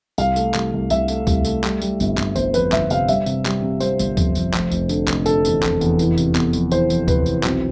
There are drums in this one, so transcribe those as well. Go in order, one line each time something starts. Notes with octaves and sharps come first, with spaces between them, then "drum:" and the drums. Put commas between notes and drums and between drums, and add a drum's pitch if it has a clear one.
C2 F5, drum: tambourine
A3, drum: tambourine
C2, drum: clap
C2
C2 E5, drum: tambourine
A3, drum: tambourine
C2, drum: kick, tambourine
A3, drum: tambourine
G3, drum: clap
G3, drum: tambourine
G1, drum: tambourine
G1, drum: clap
G1 C5, drum: tambourine
F2 B4, drum: tambourine
G1 E5, drum: clap
C3 F5, drum: tambourine
G3 E5, drum: tambourine
C3, drum: tambourine
G3, drum: clap
C3
G3 C5, drum: tambourine
G1, drum: tambourine
F2, drum: kick, tambourine
F2, drum: tambourine
F1, drum: clap
F1, drum: tambourine
D3, drum: tambourine
F1, drum: clap
D3 A4, drum: tambourine
E2, drum: tambourine
F1, drum: clap
E2, drum: tambourine
E3, drum: tambourine
C3, drum: tambourine
B3, drum: clap
F2, drum: tambourine
E3 C5, drum: tambourine
F2, drum: tambourine
C3 B4, drum: kick, tambourine
E3, drum: tambourine
B1 C4, drum: clap